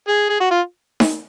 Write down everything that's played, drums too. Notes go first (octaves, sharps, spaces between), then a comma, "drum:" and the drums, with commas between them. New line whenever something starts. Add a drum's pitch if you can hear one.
G#4
G#4
F#4
F4
drum: snare D#4